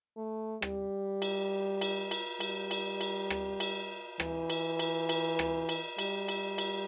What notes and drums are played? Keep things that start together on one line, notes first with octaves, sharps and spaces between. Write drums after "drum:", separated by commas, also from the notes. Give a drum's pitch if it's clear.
A3
G3, drum: rim click
drum: cymbal
drum: cymbal
drum: cymbal
G3, drum: cymbal
drum: cymbal
drum: cymbal
drum: rim click
drum: cymbal
E3, drum: rim click
drum: cymbal
drum: cymbal
drum: cymbal
drum: rim click
drum: cymbal
G3, drum: cymbal
drum: cymbal
drum: cymbal